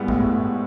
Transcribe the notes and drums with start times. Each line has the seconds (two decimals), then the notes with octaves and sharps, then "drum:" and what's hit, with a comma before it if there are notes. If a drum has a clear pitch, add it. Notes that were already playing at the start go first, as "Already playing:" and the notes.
Already playing: G#2 G3 B3 E4
0.08 A2, drum: kick
0.24 A2